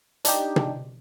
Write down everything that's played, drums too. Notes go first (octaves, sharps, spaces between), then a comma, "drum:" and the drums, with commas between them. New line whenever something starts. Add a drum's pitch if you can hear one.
D4 D#4 G4, drum: hi-hat
drum: tom